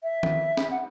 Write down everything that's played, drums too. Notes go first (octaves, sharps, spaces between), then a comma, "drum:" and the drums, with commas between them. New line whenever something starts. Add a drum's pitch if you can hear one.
E5
drum: tom D#3
drum: snare
F#5